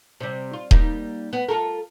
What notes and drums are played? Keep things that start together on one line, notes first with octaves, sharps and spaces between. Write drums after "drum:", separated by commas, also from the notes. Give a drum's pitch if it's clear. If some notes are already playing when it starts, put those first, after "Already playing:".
C3 G3
F4
G3 A#3 D#4, drum: kick D#1
B3
F4 A4 A#4